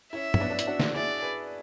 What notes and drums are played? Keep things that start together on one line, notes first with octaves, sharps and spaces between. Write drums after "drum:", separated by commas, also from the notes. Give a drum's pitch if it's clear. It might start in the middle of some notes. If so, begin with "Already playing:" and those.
C#4 E4 E5
C#4, drum: tom
B3 D4
D4
E4, drum: hi-hat
D4 F#4
drum: snare
E4 G#4 D5
G#4 B4